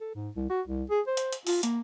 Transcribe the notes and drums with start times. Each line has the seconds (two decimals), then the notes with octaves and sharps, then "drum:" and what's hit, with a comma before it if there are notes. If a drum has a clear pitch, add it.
0.01 A4
0.15 G#2
0.36 C2
0.49 F#4
0.67 C2
0.90 G#4
1.07 C5
1.17 drum: hi-hat
1.33 drum: hi-hat
1.47 F4, drum: open hi-hat
1.63 A#3, drum: hi-hat